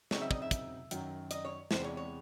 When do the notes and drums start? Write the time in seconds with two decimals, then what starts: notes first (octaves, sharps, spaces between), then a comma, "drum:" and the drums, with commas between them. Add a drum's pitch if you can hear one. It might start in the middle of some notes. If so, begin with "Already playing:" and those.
0.11 C#3 F#3 C4 D#4 C#5, drum: snare
0.21 E5
0.31 D#5, drum: kick
0.42 E5
0.51 drum: kick, hi-hat
0.91 F#2 D#3 F#3, drum: hi-hat
1.31 D#5, drum: hi-hat
1.45 C#5
1.71 E2 C3 E3 G#3 C5, drum: snare
1.84 C#5
1.97 C#5